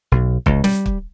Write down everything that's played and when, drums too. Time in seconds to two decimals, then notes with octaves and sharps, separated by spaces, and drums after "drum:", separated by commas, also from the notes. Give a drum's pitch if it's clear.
0.12 B1
0.46 C#2, drum: kick
0.64 G3, drum: snare
0.86 drum: kick